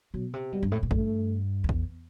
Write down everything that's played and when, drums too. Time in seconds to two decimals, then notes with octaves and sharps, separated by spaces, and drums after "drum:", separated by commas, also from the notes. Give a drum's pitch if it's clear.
0.14 B2 F#3
0.34 C3
0.52 B2 G3
0.63 G2
0.72 A2
0.83 A2
0.91 G2 A3, drum: kick A1
1.64 F#2
1.69 E2, drum: kick A1